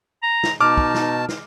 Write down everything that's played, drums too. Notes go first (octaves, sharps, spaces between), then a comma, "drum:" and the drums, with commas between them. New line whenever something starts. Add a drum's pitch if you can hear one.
A#5
drum: snare
B2 D#4 A5 D6 F6
drum: kick
drum: snare
drum: snare